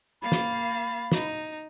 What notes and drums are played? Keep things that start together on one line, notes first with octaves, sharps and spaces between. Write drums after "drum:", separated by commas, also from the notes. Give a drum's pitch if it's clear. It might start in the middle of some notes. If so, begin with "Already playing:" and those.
A#3 F5 B5 A6
drum: snare
D#4, drum: snare